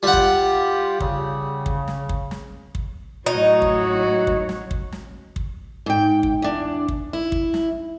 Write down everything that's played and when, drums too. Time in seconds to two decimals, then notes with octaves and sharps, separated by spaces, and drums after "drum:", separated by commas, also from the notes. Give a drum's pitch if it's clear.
0.03 G3 F4 G4 F#5
0.13 drum: kick
1.00 C#3, drum: kick
1.66 drum: kick
1.88 drum: snare
2.09 drum: kick
2.31 drum: snare
2.75 drum: kick
3.26 A2 F#3 D#4 F#4 C#5 D#5
3.62 drum: kick
4.27 drum: kick
4.49 drum: snare
4.71 drum: kick
4.92 drum: snare
5.36 drum: kick
5.86 G#2 G5
6.23 drum: kick
6.42 E2 D4
6.88 drum: kick
7.13 E4
7.32 drum: kick
7.54 drum: snare